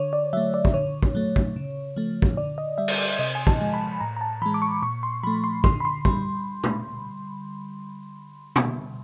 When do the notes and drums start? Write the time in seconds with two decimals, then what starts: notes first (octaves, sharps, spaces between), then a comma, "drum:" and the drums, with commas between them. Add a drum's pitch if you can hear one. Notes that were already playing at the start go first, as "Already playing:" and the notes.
Already playing: D3 C#5
0.13 D5
0.33 F#3 A3 E5
0.54 D5
0.65 drum: kick
0.74 D3 C#5
1.03 drum: kick
1.15 F#3 A3
1.36 drum: kick
1.56 C#3
1.96 F3 A3
2.22 drum: kick
2.37 D3 D5
2.58 D#5
2.78 G3 E5
2.88 drum: cymbal
2.98 D5
3.19 C3 D#5
3.35 G#5
3.47 A5, drum: kick
3.60 F3 G#3
3.74 B5
4.01 A2 A#5
4.17 A#5
4.21 A5
4.42 E3 G#3 B5
4.54 D6
4.62 C#6
4.82 A#2 C#6
5.03 C6
5.23 F3 A3 B5
5.44 C6
5.64 D3 C6, drum: kick
5.80 B5
5.85 C6
6.05 G3 C6, drum: kick
6.64 drum: tom B2
8.56 drum: tom B2